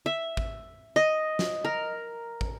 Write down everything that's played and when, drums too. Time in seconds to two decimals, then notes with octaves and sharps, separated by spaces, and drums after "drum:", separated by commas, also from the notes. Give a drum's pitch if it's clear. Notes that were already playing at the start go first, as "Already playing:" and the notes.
0.06 E5
0.37 drum: kick
0.96 D#5
1.39 drum: snare
1.65 A#4
2.41 drum: kick